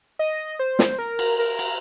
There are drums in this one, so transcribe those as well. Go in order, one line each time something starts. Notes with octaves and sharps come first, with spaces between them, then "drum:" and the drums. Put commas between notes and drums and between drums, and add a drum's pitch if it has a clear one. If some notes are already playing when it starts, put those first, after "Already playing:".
D#5
C5
drum: snare
A#4
drum: cymbal
A#4
drum: cymbal